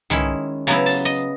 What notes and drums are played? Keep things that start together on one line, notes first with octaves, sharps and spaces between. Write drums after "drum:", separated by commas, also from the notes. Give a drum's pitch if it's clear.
D#3 G#3 C#4 E4 B5, drum: tom
C#3 F#3 B3 E4 A#5
A5, drum: open hi-hat
D#5